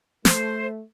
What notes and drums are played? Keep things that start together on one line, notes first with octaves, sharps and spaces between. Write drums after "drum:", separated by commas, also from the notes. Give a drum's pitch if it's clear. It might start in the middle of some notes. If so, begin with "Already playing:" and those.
A3 C5, drum: snare